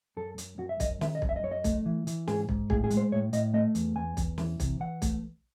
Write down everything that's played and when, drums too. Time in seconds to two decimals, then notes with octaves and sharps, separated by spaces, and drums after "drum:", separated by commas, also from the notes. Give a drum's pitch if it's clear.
0.17 F#2 A4
0.38 F#2, drum: hi-hat
0.58 F#2 F#4
0.69 E5
0.80 F#2 D#5, drum: kick, hi-hat
1.01 D#3 E5, drum: snare
1.15 D#5
1.22 F#2, drum: kick
1.29 E5
1.36 D#5
1.43 F#2 C#5
1.51 D#5
1.64 A3, drum: kick, hi-hat
1.86 E3
2.07 E3, drum: hi-hat
2.28 G#2 G#4, drum: snare
2.49 G#2, drum: kick
2.70 A2 G#4, drum: kick
2.84 G#4
2.90 G#3, drum: hi-hat
2.97 C5
3.12 A2 C#5
3.33 A2 D#5, drum: hi-hat
3.54 A3 D#5
3.75 E2, drum: hi-hat
3.96 E2 G#5
4.17 E2, drum: kick, hi-hat
4.38 E3, drum: snare
4.60 C3, drum: kick, hi-hat
4.80 E3 F#5
5.02 A3, drum: kick, hi-hat